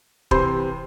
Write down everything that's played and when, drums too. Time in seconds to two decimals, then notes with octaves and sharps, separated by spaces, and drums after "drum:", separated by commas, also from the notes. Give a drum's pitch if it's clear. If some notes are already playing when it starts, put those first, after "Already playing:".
0.31 C3 E3 C5 C6, drum: kick